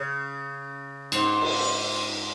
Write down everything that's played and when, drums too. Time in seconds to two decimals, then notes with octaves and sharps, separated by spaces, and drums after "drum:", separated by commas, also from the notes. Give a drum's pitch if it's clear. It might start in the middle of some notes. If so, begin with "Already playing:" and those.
Already playing: C#3
1.12 G#2, drum: cymbal
1.41 drum: cymbal